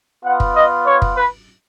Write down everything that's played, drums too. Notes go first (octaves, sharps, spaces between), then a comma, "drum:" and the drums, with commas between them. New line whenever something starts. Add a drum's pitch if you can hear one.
B3 F4 F#5
drum: kick
D#5
C#5
drum: kick
B4